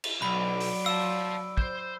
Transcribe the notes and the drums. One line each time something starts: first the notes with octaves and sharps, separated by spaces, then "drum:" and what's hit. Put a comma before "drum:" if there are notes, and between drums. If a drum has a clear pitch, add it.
drum: cymbal
B1 F#3 D5 B5
drum: open hi-hat
F5 A5 E6
C5, drum: kick